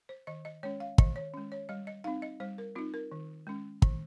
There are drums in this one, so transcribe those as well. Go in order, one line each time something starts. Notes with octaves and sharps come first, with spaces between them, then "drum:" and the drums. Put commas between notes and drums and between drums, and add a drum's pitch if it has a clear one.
C5
D#3 D#5
D#5
G#3 C#4 C#5
F5
D#3 D#5, drum: kick
C#5
G#3 C#4
C#5
G3 D#5
D#5
C4 D#4 F5
D#5
G3 C5
A#4
C4 D#4 F4
A#4
D#3
G#3 C#4
D#3, drum: kick